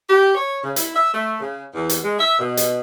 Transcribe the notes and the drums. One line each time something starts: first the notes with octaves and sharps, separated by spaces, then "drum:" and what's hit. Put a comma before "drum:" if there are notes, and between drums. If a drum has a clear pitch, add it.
G4
C#5
C#3
E4, drum: hi-hat
E5
A3
C#3
E2
drum: hi-hat
G#3
E5
B2
drum: hi-hat